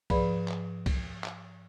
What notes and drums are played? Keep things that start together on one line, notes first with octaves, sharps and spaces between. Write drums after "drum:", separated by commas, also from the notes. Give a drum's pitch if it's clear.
G#2 F3 G#4 B4 D5 B5, drum: kick C2, cymbal
drum: clap
drum: kick C2, cymbal
drum: clap